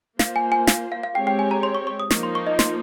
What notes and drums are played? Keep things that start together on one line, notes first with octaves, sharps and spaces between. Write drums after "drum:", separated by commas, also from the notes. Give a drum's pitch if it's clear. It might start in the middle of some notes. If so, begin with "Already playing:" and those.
A#3 F4 C5 F5, drum: snare
G#5
G#5
F5, drum: snare
F5
F5
G#3 C4 G4 C#5 G5
G5
G#5
A#5
C6
C#6
C#6
D#6
F3 A#3 D#4 C#6, drum: snare
C6
C#6
D#5
C6, drum: snare